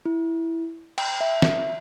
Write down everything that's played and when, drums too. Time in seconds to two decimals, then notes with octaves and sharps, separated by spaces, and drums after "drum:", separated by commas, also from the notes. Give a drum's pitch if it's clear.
0.06 E4
0.98 G5, drum: cymbal
1.21 E5
1.42 drum: snare